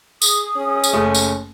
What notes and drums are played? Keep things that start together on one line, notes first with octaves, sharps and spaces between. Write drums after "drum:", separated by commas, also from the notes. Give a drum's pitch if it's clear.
G#4 D#6, drum: tambourine
C#4
drum: tambourine
F#1 A3
drum: tambourine